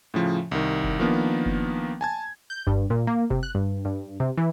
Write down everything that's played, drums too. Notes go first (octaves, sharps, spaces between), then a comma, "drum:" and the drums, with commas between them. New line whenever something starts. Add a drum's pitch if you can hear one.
A2 C#3 F3
C2 D#3
drum: kick F#1
D#3 F3 A#3 B3 D4
drum: kick F#1
G#5 A5 G#6
G6
G2, drum: kick F#1
A#2
A#3
C3, drum: kick F#1
F#6
G2
G2
C3
E3